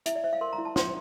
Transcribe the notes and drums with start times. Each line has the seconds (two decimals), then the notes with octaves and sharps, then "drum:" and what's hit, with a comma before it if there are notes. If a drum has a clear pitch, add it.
0.06 E4 E5, drum: hi-hat
0.15 D5
0.24 C5 E5
0.33 F5
0.41 A#4 C6
0.53 A#5
0.58 E4
0.65 A5
0.76 C5 C6, drum: snare